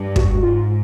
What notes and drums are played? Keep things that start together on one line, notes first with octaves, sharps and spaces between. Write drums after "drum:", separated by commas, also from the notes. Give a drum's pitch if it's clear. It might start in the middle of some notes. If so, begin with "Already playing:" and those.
Already playing: G2
F#4, drum: kick
G#2 F4